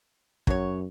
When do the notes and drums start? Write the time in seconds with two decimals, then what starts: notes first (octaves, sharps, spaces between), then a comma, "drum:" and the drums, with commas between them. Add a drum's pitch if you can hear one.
0.47 F#2 F#3 C#5, drum: kick